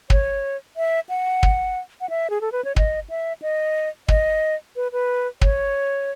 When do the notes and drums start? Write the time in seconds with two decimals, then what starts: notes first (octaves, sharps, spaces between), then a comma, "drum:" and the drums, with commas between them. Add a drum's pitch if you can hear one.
0.10 C#5, drum: kick
0.77 E5
1.09 F#5
1.43 drum: kick
2.01 F#5
2.10 E5
2.30 G#4
2.41 A4
2.52 B4
2.65 C#5
2.76 D#5, drum: kick
3.10 E5
3.42 D#5
4.08 D#5, drum: kick
4.76 B4
4.92 B4
5.41 C#5, drum: kick